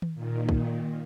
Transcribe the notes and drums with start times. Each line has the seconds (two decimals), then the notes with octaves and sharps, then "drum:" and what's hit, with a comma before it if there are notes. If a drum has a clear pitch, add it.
0.02 drum: tom D#3
0.15 A#2 D#3
0.49 drum: kick